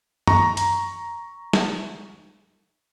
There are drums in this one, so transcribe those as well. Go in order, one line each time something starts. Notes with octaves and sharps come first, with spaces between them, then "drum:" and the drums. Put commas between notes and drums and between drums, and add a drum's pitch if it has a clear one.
A#5 C#6, drum: tom F#2
drum: hi-hat
drum: snare